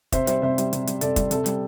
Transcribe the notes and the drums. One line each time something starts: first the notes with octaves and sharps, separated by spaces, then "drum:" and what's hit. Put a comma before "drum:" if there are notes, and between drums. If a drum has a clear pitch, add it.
C3 C5 E5, drum: kick, hi-hat
G3 C5 E5, drum: hi-hat
C3 C5 E5
G3, drum: hi-hat
C3, drum: hi-hat
G3, drum: hi-hat
C3 A4 D5, drum: hi-hat
G3, drum: kick, hi-hat
C3 A4, drum: hi-hat
G3, drum: hi-hat